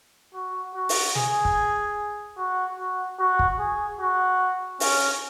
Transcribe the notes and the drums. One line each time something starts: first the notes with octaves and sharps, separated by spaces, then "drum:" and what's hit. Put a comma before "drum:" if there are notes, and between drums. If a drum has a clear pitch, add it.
F#4
F#4
drum: open hi-hat
G#4, drum: snare
drum: kick
F#4
F#4
F#4
drum: kick
G#4
F#4
C#4, drum: open hi-hat